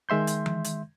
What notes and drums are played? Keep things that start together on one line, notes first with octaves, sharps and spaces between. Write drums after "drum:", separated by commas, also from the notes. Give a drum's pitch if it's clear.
D#3 G#3 E5 C6 G6
drum: hi-hat
drum: tom E3
drum: hi-hat